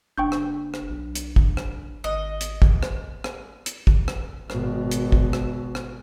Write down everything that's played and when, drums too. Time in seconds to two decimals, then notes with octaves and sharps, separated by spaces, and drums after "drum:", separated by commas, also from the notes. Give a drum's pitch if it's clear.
0.18 F#1 D4 G5 C#6 G6
0.32 drum: rim click
0.74 drum: rim click
0.89 B1
1.15 drum: hi-hat
1.36 drum: kick
1.57 drum: rim click
2.04 G#1 D#5
2.41 drum: hi-hat
2.62 drum: kick
2.83 drum: rim click
3.24 drum: rim click
3.66 drum: hi-hat
3.87 drum: kick
4.08 drum: rim click
4.50 G#1 B2, drum: rim click
4.91 drum: hi-hat
5.12 drum: kick
5.33 drum: rim click
5.75 drum: rim click